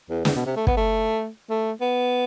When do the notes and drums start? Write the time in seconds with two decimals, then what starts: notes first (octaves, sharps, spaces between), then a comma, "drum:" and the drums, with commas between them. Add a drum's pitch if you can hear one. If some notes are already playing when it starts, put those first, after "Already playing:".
0.10 E2
0.25 E2, drum: snare
0.36 B2
0.46 C3
0.56 A3
0.67 B3, drum: kick
0.77 A3
1.50 A3
1.81 B3